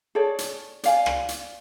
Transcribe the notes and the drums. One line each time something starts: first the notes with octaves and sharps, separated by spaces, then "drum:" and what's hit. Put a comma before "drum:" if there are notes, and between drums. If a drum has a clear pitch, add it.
G#4 A4 C#5 D5
drum: hi-hat
D5 F5 G#5, drum: hi-hat
drum: rim click
drum: hi-hat